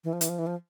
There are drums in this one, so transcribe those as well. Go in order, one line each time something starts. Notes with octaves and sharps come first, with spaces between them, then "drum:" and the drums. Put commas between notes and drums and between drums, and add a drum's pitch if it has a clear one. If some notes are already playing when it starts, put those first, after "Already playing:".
E3
F3
E3, drum: hi-hat
F3
E3
F3